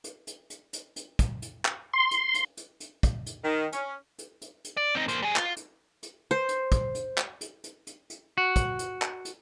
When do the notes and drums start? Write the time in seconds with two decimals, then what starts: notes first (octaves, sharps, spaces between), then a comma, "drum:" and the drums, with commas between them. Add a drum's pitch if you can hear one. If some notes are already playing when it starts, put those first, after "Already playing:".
0.04 drum: hi-hat
0.27 drum: hi-hat
0.50 drum: hi-hat
0.73 drum: hi-hat
0.96 drum: hi-hat
1.19 drum: kick, hi-hat
1.42 drum: hi-hat
1.65 drum: clap
1.94 C6
2.11 drum: hi-hat
2.34 drum: hi-hat
2.57 drum: hi-hat
2.80 drum: hi-hat
3.03 drum: kick, hi-hat
3.26 drum: hi-hat
3.44 D#3
3.72 C#4, drum: hi-hat
4.18 drum: hi-hat
4.41 drum: hi-hat
4.64 drum: hi-hat
4.77 D5
4.95 C4 D#4
5.08 A#3 C5, drum: hi-hat
5.22 G3 G#4
5.36 F4, drum: clap
5.57 drum: hi-hat
6.03 drum: hi-hat
6.31 C5
6.49 drum: hi-hat
6.72 drum: kick, hi-hat
6.95 drum: hi-hat
7.18 drum: clap
7.41 drum: hi-hat
7.64 drum: hi-hat
7.87 drum: hi-hat
8.10 drum: hi-hat
8.38 F#4
8.56 drum: kick, hi-hat
8.79 drum: hi-hat
9.02 drum: clap
9.25 drum: hi-hat